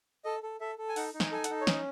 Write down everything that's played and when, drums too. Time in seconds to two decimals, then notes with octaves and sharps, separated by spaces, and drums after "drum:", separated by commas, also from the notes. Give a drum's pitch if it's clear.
0.25 A4 D#5
0.43 A4
0.60 A4 E5
0.78 A4
0.89 G#5
0.96 D#4 F#5, drum: open hi-hat
1.14 D#4
1.20 G#5, drum: snare
1.32 A4 G#5
1.44 F#5, drum: hi-hat
1.50 D#4
1.61 C#5
1.67 C#4 D#5, drum: snare